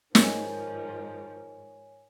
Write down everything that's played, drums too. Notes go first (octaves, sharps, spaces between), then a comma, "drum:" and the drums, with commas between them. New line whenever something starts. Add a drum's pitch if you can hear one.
G#2 D#3 F3 C#4 G4 C#5 E5 G#5, drum: snare